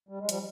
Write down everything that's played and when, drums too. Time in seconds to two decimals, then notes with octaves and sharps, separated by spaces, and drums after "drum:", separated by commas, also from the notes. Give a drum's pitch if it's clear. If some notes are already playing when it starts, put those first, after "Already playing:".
0.09 G3
0.19 G#3
0.29 F3 G3, drum: hi-hat